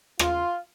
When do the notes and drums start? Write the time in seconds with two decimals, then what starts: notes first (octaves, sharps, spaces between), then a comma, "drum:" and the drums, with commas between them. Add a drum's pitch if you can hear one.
0.19 F4, drum: rim click